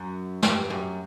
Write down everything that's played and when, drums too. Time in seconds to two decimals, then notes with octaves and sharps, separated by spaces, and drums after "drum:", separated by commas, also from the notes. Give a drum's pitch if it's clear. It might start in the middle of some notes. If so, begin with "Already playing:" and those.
Already playing: F#2
0.43 G2, drum: snare
0.70 F#2